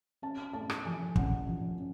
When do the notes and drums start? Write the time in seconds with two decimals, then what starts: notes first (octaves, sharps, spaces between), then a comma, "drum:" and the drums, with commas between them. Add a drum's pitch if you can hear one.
0.22 C#4 A5
0.53 A3 A5
0.70 drum: rim click
0.85 F3 G#5
1.16 C#4 F#5, drum: kick
1.47 F3
1.78 C#4